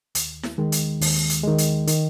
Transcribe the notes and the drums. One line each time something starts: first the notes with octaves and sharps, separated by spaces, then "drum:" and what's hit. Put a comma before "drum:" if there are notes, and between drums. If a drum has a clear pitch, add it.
D#2, drum: hi-hat
drum: snare E4
D#3 G#3
drum: hi-hat
D#2, drum: open hi-hat
drum: hi-hat
D#3 G#3
drum: hi-hat
D#3, drum: hi-hat